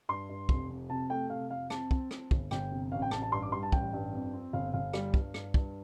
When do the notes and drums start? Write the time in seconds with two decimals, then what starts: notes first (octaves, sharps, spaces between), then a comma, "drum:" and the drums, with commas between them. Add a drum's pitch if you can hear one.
0.09 G2 C6
0.29 G2
0.49 F1, drum: kick
0.70 F2
0.90 C3 A5
1.10 A3 G5
1.30 C3 F5
1.50 F2 F5
1.70 C4 A5, drum: rim click
1.91 C4, drum: kick
2.11 C4, drum: rim click
2.31 G1, drum: kick
2.51 G1 G5, drum: rim click
2.71 C3
2.92 A1 F5
3.02 G5
3.11 A1 A5, drum: rim click
3.22 A5
3.32 G2 C6
3.42 D6
3.52 G3 C6
3.63 A5
3.72 A1 G5, drum: kick
3.93 G2
4.13 F2
4.33 C4
4.53 G1 F5
4.74 G1 F5
4.93 G3, drum: rim click
5.14 G2, drum: kick
5.34 G2, drum: rim click
5.54 G2, drum: kick